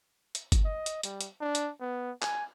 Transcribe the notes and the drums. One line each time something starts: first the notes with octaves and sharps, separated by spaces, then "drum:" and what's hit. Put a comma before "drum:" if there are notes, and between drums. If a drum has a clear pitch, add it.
drum: hi-hat
drum: kick, hi-hat
D#5
drum: hi-hat
G3, drum: hi-hat
drum: hi-hat
D4
drum: hi-hat
B3
G#5, drum: clap